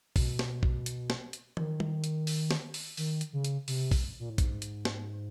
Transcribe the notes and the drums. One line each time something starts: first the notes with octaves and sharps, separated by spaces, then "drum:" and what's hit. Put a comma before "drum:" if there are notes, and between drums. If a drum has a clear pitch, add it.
B2, drum: kick, open hi-hat
drum: snare
drum: kick
drum: hi-hat
drum: snare
drum: hi-hat
D#3, drum: tom E3
drum: tom G3
drum: hi-hat
drum: open hi-hat
drum: snare
drum: open hi-hat
D#3, drum: open hi-hat
drum: hi-hat
C#3
drum: hi-hat
C3, drum: open hi-hat
drum: kick, open hi-hat
A#2
A2
G#2, drum: kick, hi-hat
drum: hi-hat
drum: snare